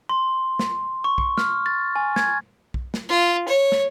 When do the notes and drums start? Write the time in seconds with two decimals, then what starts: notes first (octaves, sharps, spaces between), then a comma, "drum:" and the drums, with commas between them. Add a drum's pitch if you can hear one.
0.09 C6
0.59 drum: snare
1.04 C#6
1.18 drum: kick
1.38 F6, drum: snare
1.66 A6
1.96 G#5
2.16 G#6, drum: snare
2.74 drum: kick
2.94 drum: snare
3.09 F4
3.48 C#5
3.72 drum: snare